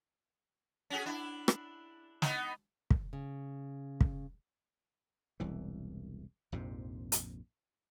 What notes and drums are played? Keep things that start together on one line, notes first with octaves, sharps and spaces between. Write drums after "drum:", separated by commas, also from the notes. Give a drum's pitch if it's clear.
C#4 F#4 G#4
D4 E4
drum: rim click
B3 D#4, drum: snare
drum: kick
C#3
drum: kick
E1 C2 E3
A#1 F2 G#2 C3
drum: hi-hat